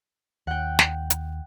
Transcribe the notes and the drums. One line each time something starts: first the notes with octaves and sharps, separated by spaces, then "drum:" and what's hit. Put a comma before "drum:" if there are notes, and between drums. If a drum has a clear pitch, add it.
D#2 F#5 G5
drum: snare
drum: hi-hat